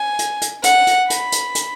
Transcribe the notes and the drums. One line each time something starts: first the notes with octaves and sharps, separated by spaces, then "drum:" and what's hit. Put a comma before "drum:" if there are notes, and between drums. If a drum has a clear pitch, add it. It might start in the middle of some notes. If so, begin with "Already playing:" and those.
Already playing: G#5
drum: hi-hat
drum: hi-hat
F#5, drum: hi-hat
drum: hi-hat
B5, drum: hi-hat
drum: hi-hat
drum: hi-hat